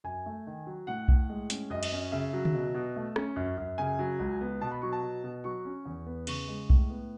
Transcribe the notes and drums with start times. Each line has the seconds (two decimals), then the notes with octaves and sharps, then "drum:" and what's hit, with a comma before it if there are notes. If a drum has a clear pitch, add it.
0.04 F#2 G#5
0.26 A3
0.46 D#3
0.66 F#3
0.87 A2 F#5
1.08 A2, drum: kick B1
1.29 G#3
1.50 C#4, drum: hi-hat
1.70 F#2 D#5
1.83 drum: cymbal
1.92 C#4
2.12 C#3 E5
2.33 F#3
2.45 drum: tom D3
2.54 B2
2.74 B2
2.96 A3
3.16 C#4, drum: rim click
3.36 F#2
3.58 F#2
3.78 C#3 G#5
3.99 F#3
4.19 C#2
4.41 B3
4.61 B2 A5
4.71 B5
4.82 F#3 C#6
4.92 A5
5.03 B2
5.24 B2
5.44 F#3 C#6
5.65 C#4
5.85 E2
6.06 B3
6.27 C#3 C#6, drum: cymbal
6.48 G#3
6.70 A2, drum: kick B1
6.90 B3